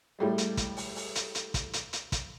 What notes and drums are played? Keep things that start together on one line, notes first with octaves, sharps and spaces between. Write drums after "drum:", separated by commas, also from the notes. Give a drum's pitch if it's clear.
A2 G3 G#3
drum: hi-hat
drum: kick, hi-hat
drum: open hi-hat
drum: open hi-hat
drum: hi-hat
drum: hi-hat
drum: kick, hi-hat
drum: hi-hat
drum: hi-hat
drum: kick, hi-hat